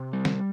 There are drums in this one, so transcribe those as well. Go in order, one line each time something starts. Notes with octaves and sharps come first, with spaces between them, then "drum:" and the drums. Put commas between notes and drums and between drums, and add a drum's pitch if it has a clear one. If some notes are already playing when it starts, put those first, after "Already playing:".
Already playing: C3
G3
drum: snare